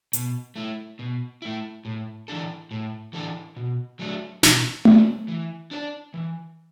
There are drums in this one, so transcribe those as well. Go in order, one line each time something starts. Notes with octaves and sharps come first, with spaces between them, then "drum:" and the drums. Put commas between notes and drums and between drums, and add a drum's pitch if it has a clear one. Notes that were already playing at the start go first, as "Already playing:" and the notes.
B2, drum: hi-hat
A3 E4
B2
A3 E4
A2
E3 D4 A4
A2
E3 D4 A4
B2
F#3 A3 D4
B2, drum: snare
F#3 A3 D4, drum: tom A3
E3
D4 B4 D5
E3